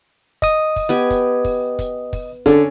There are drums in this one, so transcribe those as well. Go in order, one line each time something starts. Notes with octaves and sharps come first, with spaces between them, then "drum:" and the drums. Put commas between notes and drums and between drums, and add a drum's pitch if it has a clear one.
D#5 D#6, drum: kick, hi-hat
drum: kick, open hi-hat
B3 G4 G#5
drum: kick, hi-hat
drum: kick, open hi-hat
drum: kick, hi-hat
drum: kick, open hi-hat
D3 C#4 A4, drum: kick, hi-hat